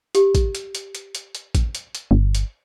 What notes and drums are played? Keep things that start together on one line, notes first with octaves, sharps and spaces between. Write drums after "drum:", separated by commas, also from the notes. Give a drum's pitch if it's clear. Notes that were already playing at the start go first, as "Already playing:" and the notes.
G4, drum: hi-hat
drum: kick, hi-hat
drum: hi-hat
drum: hi-hat
drum: hi-hat
drum: hi-hat
drum: hi-hat
drum: kick, hi-hat
drum: hi-hat
drum: hi-hat
G1
drum: hi-hat